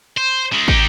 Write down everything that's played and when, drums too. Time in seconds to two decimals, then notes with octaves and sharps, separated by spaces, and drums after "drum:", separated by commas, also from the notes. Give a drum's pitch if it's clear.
0.17 C5
0.52 C#3 G#3
0.68 D#4 G4, drum: kick